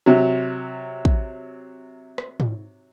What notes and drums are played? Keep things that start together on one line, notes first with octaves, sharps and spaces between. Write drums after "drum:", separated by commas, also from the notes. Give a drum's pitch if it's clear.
C3 F#3
drum: kick
drum: rim click
drum: tom G#2